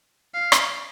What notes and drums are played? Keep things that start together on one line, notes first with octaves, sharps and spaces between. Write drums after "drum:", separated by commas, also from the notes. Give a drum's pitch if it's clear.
F5
drum: rim click